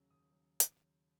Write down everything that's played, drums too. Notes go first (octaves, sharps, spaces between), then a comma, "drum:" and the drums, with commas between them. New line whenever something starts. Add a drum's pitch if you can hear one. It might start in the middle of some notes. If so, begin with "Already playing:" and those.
Already playing: D#2 C#3 F#3 C#4
D#2 D#6
C#3 F#3 C#4
drum: hi-hat